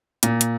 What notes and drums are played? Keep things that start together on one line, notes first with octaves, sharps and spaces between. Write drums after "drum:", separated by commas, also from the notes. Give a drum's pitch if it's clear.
A#2, drum: hi-hat
drum: hi-hat